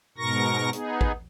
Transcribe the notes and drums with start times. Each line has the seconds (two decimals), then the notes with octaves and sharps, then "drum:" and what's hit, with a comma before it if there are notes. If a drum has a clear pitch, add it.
0.18 G#2 B2 A#4 C#6 A#6
0.73 B3 D#4 G#4, drum: hi-hat
1.01 drum: kick A1